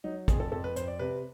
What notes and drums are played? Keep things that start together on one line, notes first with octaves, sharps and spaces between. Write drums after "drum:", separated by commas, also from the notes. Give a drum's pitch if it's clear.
F#3 D#4
F2 G#4, drum: kick, hi-hat
A4
F2 A4
B4
F2 C5, drum: hi-hat
D5
C3 B4